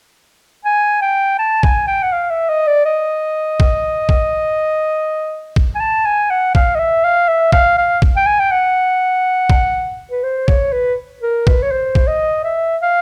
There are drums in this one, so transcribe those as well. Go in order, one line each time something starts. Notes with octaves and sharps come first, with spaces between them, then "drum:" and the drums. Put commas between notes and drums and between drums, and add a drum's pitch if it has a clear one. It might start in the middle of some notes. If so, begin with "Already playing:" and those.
G#5
G5
A5
G#5, drum: kick A#1
G5
F#5
F5
E5
D#5
D5
D#5
drum: kick A#1
drum: kick A#1
drum: kick A#1
G#5
A5
G#5
F#5
F5, drum: kick A#1
D#5
E5
F5
E5
F5, drum: kick A#1
F5
drum: kick A#1
G5
G#5
G5
F#5
drum: kick A#1
B4
C5
C#5, drum: kick A#1
B4
A#4
B4, drum: kick A#1
C#5
C5
drum: kick A#1
D#5
E5
F5